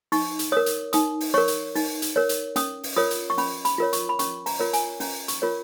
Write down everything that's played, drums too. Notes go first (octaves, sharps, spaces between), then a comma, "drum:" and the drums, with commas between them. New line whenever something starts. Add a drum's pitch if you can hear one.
D#4 C#6, drum: open hi-hat
drum: hi-hat
A#4 C#5 D#6
drum: hi-hat
D#4 D#6, drum: hi-hat
drum: open hi-hat
A#4 C#5 C#6
drum: hi-hat
D#4, drum: open hi-hat
drum: hi-hat
A#4 C#5
drum: hi-hat
C#4 D#6, drum: hi-hat
drum: open hi-hat
F4 A#4 C#5 D#6
drum: hi-hat
C#6
C#4 B5, drum: open hi-hat
B5, drum: hi-hat
F4 A#4 C#5
C#6, drum: hi-hat
B5
C#4 C#6, drum: hi-hat
A#5, drum: open hi-hat
F4 A#4 C#5
G#5, drum: hi-hat
C#4 A#5, drum: open hi-hat
C#6, drum: hi-hat
F4 A#4 C#5